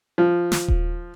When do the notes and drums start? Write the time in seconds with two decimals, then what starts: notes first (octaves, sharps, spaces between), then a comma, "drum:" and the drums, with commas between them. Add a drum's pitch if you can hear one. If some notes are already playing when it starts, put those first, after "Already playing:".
0.18 F3
0.52 drum: snare
0.68 drum: kick D#1